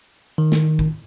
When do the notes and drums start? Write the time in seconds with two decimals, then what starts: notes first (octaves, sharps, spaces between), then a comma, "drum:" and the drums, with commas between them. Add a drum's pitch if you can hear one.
0.38 D#3
0.52 drum: snare
0.79 drum: kick